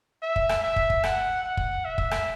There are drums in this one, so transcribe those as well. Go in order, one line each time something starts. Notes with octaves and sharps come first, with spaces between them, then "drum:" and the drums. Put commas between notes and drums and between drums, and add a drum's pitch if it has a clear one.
E5
drum: kick
drum: rim click
E5
drum: kick
drum: kick
F#5, drum: rim click
F#5
drum: kick
E5
drum: kick
drum: rim click